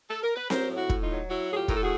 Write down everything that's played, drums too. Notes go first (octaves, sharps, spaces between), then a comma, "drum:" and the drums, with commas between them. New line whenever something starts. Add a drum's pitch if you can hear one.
A4
A#4
B4
F#3 A#4 C5, drum: snare C4
A2
E4 F#4
A2, drum: kick
D#4 F4
F#3
F#3 E4 F#4
A2 G#4
F4 G4
A2 A#4, drum: kick
A4
F#4 G#4